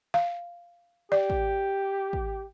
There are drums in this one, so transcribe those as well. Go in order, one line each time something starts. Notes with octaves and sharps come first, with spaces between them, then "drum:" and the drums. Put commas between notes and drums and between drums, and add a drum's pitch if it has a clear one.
F5
G4 D5
drum: kick
drum: kick